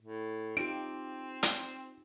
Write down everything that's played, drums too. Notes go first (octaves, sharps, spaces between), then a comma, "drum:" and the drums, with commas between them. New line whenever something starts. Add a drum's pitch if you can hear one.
A2
C4 D#4 F4 G4 D7
drum: hi-hat